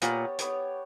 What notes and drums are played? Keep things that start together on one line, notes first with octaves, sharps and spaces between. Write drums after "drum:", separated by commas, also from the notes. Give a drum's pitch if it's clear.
A#2 B3 G4 C#5, drum: hi-hat
B3 G4 C#5, drum: hi-hat